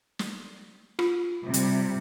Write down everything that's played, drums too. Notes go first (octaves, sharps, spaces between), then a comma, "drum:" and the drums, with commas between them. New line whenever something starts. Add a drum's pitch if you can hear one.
drum: snare
F4, drum: rim click
C3 G3
drum: hi-hat